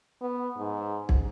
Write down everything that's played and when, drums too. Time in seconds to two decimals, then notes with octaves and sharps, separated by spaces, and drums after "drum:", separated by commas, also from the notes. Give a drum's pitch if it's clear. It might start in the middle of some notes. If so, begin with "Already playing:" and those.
0.21 B3
0.57 G#2
1.09 drum: kick